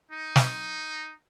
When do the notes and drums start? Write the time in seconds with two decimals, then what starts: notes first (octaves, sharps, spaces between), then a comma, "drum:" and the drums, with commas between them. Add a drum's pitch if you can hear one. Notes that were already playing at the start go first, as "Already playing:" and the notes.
0.11 D#4
0.36 drum: snare